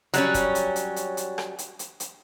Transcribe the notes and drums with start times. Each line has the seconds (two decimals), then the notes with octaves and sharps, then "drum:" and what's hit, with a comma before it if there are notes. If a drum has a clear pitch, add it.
0.14 F#3 G3 C#4, drum: hi-hat
0.34 drum: kick, hi-hat
0.55 drum: hi-hat
0.76 drum: hi-hat
0.96 drum: hi-hat
1.17 drum: hi-hat
1.38 drum: rim click
1.58 drum: hi-hat
1.79 drum: hi-hat
2.00 drum: hi-hat